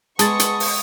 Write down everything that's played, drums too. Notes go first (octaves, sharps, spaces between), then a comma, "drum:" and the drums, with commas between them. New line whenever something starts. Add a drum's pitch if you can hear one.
G#3 B3 A5 B5 C#6 D#6 A6, drum: hi-hat
drum: hi-hat
drum: open hi-hat